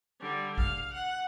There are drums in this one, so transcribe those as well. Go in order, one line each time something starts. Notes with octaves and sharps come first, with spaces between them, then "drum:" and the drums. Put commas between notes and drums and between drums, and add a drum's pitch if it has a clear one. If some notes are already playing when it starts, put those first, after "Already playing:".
D3 G3
F5, drum: kick A#1
F#5